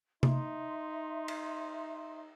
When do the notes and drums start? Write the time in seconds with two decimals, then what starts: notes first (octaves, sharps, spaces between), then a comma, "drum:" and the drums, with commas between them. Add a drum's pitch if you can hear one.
0.23 D#4 E5 C6, drum: tom C3
1.28 drum: cymbal